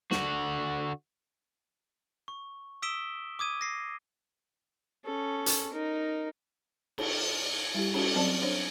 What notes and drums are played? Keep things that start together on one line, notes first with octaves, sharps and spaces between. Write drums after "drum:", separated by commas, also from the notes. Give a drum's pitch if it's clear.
D3 F#4, drum: snare
C#6
D#6 E6 B6 D7 E7 G7
D6 D#6 G#6 D#7
A#6 C7
C#4 A4
drum: hi-hat
D#4 A#4
drum: cymbal
G3 E4 G4
C#4 F#4, drum: cymbal
F#3 C4 C5 D5 A5
D4 C5 C#5